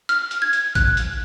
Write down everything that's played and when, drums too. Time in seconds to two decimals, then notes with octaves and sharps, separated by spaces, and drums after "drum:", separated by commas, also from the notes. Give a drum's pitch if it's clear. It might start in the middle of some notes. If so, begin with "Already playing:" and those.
0.09 F6, drum: hi-hat
0.31 drum: hi-hat
0.42 G#6
0.53 drum: hi-hat
0.75 F#6, drum: kick A1, hi-hat
0.97 drum: hi-hat